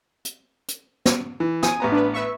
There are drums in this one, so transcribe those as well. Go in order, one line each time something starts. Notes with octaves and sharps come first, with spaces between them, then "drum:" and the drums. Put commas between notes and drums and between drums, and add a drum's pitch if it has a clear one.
drum: hi-hat
drum: hi-hat
drum: snare
E3
G#5 D#6, drum: snare
A1 B3 A#5
D4 B4
B4 E5 C#6